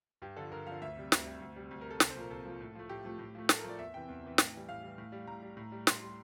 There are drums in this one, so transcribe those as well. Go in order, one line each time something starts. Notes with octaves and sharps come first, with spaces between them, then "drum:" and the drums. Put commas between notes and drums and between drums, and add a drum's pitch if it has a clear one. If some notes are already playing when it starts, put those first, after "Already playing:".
G2 G4
D3 F3 A4
G2 A#4
D3 F3 F5
D2 E5
C3 G3
D2, drum: snare
C3 G3
D2
C3 G3
D2
A#4
C3 G3 A4
C2 A4, drum: snare
C5
A#2 F3 A#4
C2 A4
A#2 F3
A2
F3 A3
A2 G4
F3 A3
A2
F3 A3
A2 A4, drum: snare
A#4
F3 A3
D5
E2 E5
C3 E3 G5
E2
C3 E3
A2, drum: snare
E3 G3
A2 F5
E3 G3
A2
G3
A2 A#5
G3
A2
G3
A2 C6, drum: snare
G3